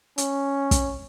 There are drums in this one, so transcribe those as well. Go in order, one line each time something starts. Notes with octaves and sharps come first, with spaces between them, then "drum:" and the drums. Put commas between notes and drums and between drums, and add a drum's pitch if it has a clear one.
C#4, drum: hi-hat
drum: kick, hi-hat